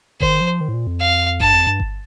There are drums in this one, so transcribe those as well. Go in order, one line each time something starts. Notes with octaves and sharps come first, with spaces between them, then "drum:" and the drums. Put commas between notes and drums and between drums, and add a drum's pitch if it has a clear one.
D#3 C5, drum: kick G1
F3
D#3
A2
A#2
F2
F5
G2 A5, drum: kick G1
F2
G2
drum: kick G1